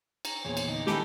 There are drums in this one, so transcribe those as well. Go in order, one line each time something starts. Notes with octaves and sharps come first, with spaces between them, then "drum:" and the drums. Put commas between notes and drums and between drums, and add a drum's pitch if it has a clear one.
A#5, drum: cymbal
E2 A#2 G#4 C5 C#5
drum: cymbal
D3 D#4
D#3 C#4 D#4 E4 G4 A4 B4, drum: snare